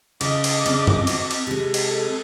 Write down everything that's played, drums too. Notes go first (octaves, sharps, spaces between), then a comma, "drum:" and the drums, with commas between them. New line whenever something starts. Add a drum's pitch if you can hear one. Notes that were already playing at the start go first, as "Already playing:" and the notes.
C#3 D#5 D6, drum: cymbal
drum: cymbal
C#3 C4 D4, drum: cymbal
drum: tom
C4 F#4, drum: cymbal
drum: cymbal
C3 G#3
drum: cymbal
A4